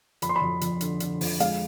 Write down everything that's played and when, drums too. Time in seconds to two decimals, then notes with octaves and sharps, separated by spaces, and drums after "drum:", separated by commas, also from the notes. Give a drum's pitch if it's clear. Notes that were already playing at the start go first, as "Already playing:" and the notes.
0.22 F2 B5, drum: hi-hat
0.29 C6
0.36 B5
0.41 F2
0.61 F2, drum: hi-hat
0.81 D3, drum: hi-hat
1.00 D3, drum: hi-hat
1.21 F2, drum: open hi-hat
1.40 G#3 F5, drum: hi-hat